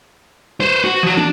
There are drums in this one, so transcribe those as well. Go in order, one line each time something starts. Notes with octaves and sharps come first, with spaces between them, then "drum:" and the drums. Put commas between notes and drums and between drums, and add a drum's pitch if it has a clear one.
B4 C5, drum: snare
F#4
F3 F#4
D4, drum: tom